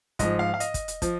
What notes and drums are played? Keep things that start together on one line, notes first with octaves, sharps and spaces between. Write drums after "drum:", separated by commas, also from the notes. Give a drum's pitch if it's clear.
G#2 F3 D#5, drum: kick, hi-hat
F5
F5
D#5, drum: hi-hat
drum: kick, hi-hat
drum: hi-hat
F3, drum: kick, hi-hat